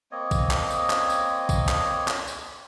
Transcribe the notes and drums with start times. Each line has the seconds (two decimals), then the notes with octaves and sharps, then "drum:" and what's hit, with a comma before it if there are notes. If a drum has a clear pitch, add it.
0.12 A#3 C4 C#5 D#5
0.31 drum: kick A#1, tambourine
0.51 drum: clap
0.70 drum: tambourine
0.90 drum: clap
1.10 drum: tambourine
1.49 drum: kick A#1, tambourine
1.69 drum: clap
2.08 drum: clap
2.28 drum: tambourine